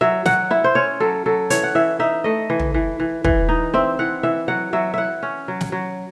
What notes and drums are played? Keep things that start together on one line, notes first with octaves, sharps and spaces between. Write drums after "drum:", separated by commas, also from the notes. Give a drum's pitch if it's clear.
F#3 E5
F#3 F#5, drum: snare
E4 E5
C5
C#4 C#5
F#3 A4
F#3 A4
E3 C#5, drum: hi-hat
F#5
E3 E5
D#4 E5
A3 D#5
E3
drum: tom
E3
E3
E3, drum: kick
D#4
C4 E5
E3 F#5
E3 E5
F#3 F#5
F#3 E5
E4 E5 F#5
C#4
F#3
drum: snare
F#3